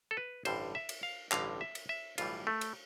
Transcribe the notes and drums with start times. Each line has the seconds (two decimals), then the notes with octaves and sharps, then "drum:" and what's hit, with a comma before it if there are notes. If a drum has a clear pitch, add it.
0.11 A4
0.17 B4
0.45 A1 G2 D3 G3 C5, drum: cymbal
0.75 E5
0.89 drum: cymbal
1.03 F5
1.32 A1 G2 D3 G3 F5, drum: clap
1.61 E5
1.75 drum: cymbal
1.89 E5
2.18 B1 A2 E3 G3 F4, drum: cymbal
2.47 A3
2.61 drum: cymbal